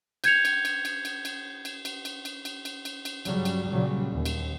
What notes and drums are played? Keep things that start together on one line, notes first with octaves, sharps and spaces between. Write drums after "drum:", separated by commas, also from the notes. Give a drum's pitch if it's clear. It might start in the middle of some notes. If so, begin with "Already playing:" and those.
G6 G#6 C#7 F7, drum: cymbal
drum: cymbal
drum: cymbal
drum: cymbal
drum: cymbal
drum: cymbal
drum: cymbal
drum: cymbal
drum: cymbal
drum: cymbal
drum: cymbal
drum: cymbal
drum: cymbal
drum: cymbal
G2 C#3 F#3 G3, drum: cymbal
drum: cymbal
A#2 C#3 F#3 G3
D#2
drum: cymbal